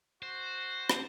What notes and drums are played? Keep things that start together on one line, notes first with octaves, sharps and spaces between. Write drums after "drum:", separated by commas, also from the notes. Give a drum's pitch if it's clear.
F#4 C5
drum: rim click